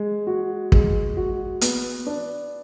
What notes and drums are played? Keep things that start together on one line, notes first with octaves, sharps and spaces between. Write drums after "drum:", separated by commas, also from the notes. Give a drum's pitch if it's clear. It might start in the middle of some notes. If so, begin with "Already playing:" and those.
Already playing: G#3
F#4
G#3, drum: kick
F#4
B3, drum: hi-hat
D4